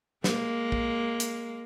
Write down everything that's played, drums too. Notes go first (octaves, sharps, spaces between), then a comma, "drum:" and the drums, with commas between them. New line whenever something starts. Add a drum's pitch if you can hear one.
G#3 A#3, drum: snare
drum: kick
drum: hi-hat